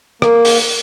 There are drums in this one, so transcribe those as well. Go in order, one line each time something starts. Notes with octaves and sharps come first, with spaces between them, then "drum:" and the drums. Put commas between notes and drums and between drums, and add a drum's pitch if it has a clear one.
A#3, drum: rim click
drum: open hi-hat